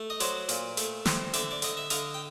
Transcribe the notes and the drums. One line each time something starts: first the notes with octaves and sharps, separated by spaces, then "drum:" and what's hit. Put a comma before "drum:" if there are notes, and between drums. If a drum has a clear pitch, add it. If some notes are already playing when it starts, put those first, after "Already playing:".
Already playing: A3
D#5
F#3 C5 D5, drum: hi-hat
A#2, drum: hi-hat
A3, drum: hi-hat
C4, drum: snare
D3 D5 E5, drum: hi-hat
D5
D3 D#5, drum: hi-hat
E5
D3 D#5 F5, drum: hi-hat
G5